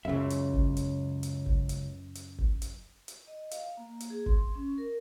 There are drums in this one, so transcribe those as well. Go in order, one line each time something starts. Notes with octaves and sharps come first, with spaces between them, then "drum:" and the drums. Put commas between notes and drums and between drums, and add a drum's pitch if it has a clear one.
C#2 F#2 C#3 E5
drum: hi-hat
drum: kick G1
drum: hi-hat
drum: hi-hat
drum: kick G1
drum: hi-hat
drum: hi-hat
drum: kick G1
drum: hi-hat
drum: hi-hat
D#5
F5, drum: hi-hat
A#3
drum: hi-hat
G#4
C6, drum: kick G1
C#4
A#4